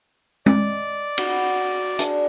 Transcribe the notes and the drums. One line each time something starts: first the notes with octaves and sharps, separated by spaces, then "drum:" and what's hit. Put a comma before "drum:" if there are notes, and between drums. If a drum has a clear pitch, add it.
D5 D#5, drum: tom G#3
F#4 B5, drum: cymbal
D4 G#4, drum: hi-hat